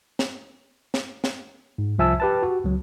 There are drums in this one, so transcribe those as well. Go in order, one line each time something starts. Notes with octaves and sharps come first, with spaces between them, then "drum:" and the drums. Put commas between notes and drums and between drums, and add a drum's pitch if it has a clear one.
drum: snare
drum: snare
drum: snare
G#2
C2 F3 E5 G#5 A5 E6
G4 B4 A5
F#4
C#2 F#3